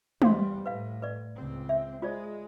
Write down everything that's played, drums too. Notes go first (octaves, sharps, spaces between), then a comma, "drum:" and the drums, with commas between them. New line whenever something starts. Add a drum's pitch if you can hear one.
E2 G3 C5 F5 C6, drum: tom
A2 B4 F5
B4 D5
C#2 C4
E5
G#3 F4 C5 D5